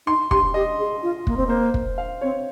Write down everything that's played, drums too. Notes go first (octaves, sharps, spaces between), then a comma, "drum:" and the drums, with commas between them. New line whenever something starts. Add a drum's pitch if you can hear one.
D#4 C6
G4 C6, drum: kick
G4 D#5
G#4
F4
A#3, drum: kick
C4
A#3 C5
drum: kick
F5
C4 C#5